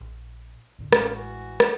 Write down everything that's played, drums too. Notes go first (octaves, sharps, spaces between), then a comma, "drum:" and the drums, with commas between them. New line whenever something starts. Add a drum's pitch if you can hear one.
A#1
D#2 A#2 D3
A1 G#3 A#3 C#4 A#4, drum: rim click
E3 F#4
drum: rim click